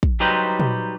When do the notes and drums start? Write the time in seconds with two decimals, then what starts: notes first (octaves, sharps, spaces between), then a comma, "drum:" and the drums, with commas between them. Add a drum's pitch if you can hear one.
0.03 drum: kick
0.20 F#3 G3 D#4 G4 B4 C5
0.60 drum: tom A#2